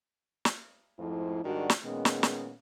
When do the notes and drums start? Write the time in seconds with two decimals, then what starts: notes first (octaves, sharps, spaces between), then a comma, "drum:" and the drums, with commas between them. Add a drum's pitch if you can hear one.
0.45 drum: snare
0.98 F2 G#2 F3 A3 E4
1.44 G#2 D#3 G3 D4 F#4
1.70 drum: snare
1.84 A#2 D#3 G#3 B3 C#4
2.05 drum: snare
2.23 drum: snare